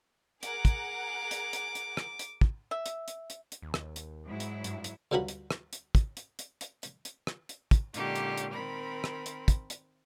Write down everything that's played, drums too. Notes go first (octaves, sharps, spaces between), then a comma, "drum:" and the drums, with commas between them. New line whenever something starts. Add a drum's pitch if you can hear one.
G#4 A#4 F#5 D6, drum: hi-hat
drum: kick, hi-hat
drum: hi-hat
drum: hi-hat
drum: hi-hat
drum: rim click
drum: hi-hat
drum: kick
E5
drum: hi-hat
drum: hi-hat
drum: hi-hat
drum: hi-hat
D#2
drum: rim click
drum: hi-hat
G#2 F#3 E4
drum: hi-hat
G2, drum: hi-hat
drum: hi-hat
D2 G2 F#3 F4 F#4 B5
drum: hi-hat
drum: rim click
drum: hi-hat
drum: kick, hi-hat
drum: hi-hat
drum: hi-hat
drum: hi-hat
drum: hi-hat
drum: hi-hat
drum: rim click
drum: hi-hat
drum: kick, hi-hat
A#2 D3 G#3 C#4 D#4 G4, drum: hi-hat
drum: hi-hat
drum: hi-hat
D#3 C4 A#4 B5
drum: rim click
drum: hi-hat
drum: kick, hi-hat
drum: hi-hat